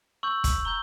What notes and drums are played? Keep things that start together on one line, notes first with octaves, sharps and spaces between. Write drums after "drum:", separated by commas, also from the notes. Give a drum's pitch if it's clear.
C#6 E6 G6 F#7
drum: kick, hi-hat
A#5 E6 G6 G7